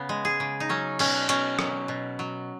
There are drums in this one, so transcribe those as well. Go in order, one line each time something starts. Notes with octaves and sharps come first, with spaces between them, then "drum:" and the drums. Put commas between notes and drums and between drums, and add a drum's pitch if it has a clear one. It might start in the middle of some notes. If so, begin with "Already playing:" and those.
Already playing: C#3 B3
G#3
G#4
C#3
D#4
F#3 C#4
B2 C#4, drum: cymbal
B2 C#4, drum: hi-hat
F#3, drum: rim click
B2
F#3